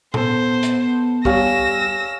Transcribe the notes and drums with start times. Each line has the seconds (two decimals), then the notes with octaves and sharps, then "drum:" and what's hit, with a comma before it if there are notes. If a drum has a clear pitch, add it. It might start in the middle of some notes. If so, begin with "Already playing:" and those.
0.14 B3 A4 C5, drum: tom A#2
0.63 drum: hi-hat
1.25 G3 C#5 F5 G#5 E6 A#6, drum: kick